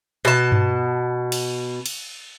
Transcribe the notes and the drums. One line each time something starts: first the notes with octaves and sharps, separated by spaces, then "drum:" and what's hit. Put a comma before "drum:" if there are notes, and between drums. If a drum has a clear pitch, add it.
B2 A5
drum: tom G2
drum: cymbal
drum: cymbal